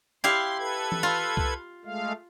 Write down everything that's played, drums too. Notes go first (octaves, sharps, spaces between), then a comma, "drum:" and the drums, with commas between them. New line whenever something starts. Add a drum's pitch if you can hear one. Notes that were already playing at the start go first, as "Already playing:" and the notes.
E4 G4 F5 C6
A4 B4 G#6
drum: tom E3
F4
drum: kick C2
G#3 A3 F5